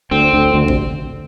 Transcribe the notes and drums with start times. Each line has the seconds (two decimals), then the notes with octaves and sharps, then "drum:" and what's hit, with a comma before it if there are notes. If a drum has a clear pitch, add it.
0.11 D2 D3 C4
0.33 D2 D3
0.54 D2 D3
0.68 C3, drum: kick